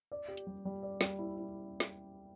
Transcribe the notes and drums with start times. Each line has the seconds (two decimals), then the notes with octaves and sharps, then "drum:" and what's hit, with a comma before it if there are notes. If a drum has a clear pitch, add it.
0.12 D5
0.28 G4
0.37 drum: hi-hat
0.47 G3
0.65 G3
0.83 D5
1.01 G3, drum: snare
1.19 E4
1.36 E4
1.80 drum: snare